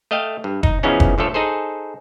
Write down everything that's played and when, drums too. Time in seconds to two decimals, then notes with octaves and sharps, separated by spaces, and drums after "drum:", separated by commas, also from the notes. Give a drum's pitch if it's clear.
0.11 A3 D#5 F5 G5
0.44 G2
0.63 D#4, drum: kick
0.83 C#3 E3 F3 B3 C#4 D#4
1.00 drum: kick
1.18 D3 F3 A3 A4 C#5
1.34 D#4 G#4 A4 C5